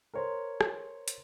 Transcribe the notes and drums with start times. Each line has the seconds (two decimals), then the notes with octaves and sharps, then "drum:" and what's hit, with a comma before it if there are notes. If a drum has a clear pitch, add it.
0.14 A#4 C5 C#5 A#5 C6
0.61 drum: rim click
1.08 drum: hi-hat